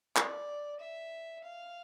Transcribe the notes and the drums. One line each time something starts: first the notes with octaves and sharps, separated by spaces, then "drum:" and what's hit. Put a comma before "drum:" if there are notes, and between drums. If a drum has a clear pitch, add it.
D5, drum: clap
E5
F5